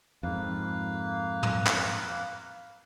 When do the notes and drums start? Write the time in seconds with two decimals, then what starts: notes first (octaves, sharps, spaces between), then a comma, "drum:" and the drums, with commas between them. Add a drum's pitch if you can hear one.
0.23 F2 G#2 A#3 B4 F5
1.43 drum: tom
1.67 drum: clap